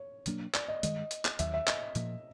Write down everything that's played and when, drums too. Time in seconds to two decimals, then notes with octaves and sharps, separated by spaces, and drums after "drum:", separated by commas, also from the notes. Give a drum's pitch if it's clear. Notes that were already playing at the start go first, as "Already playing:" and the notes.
Already playing: C#5
0.26 B2 F#3 A#3 D4, drum: hi-hat
0.54 D5, drum: clap
0.68 D#5
0.83 G2 D#3 G#3 D#5, drum: hi-hat
1.11 drum: hi-hat
1.25 drum: clap
1.39 D#2 D#3 F#3 E5, drum: hi-hat
1.54 E5
1.67 D#5, drum: clap
1.95 A#2 F3 A#3, drum: hi-hat